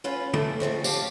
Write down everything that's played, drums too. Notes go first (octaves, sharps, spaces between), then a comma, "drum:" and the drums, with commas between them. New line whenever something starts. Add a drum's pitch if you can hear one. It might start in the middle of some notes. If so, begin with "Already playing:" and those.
C#4 F4 B4
A3, drum: tom
F3 G#3 C4 C#4
G4 F5 A5, drum: tambourine